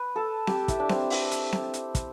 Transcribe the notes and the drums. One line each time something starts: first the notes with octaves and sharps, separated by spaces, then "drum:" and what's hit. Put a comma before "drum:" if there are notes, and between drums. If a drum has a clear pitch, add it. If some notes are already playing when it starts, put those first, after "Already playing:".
Already playing: B4
A4
G4, drum: snare C4
E4, drum: kick, hi-hat
D4
C4, drum: snare C4
drum: open hi-hat
drum: hi-hat
drum: snare C4
drum: hi-hat
drum: kick, hi-hat